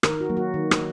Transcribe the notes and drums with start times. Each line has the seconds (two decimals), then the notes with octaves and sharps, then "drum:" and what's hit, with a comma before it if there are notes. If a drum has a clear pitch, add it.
0.03 D#3 A#4, drum: rim click
0.21 F#4
0.29 F#3 A#3
0.37 F#4
0.54 D#3
0.71 drum: rim click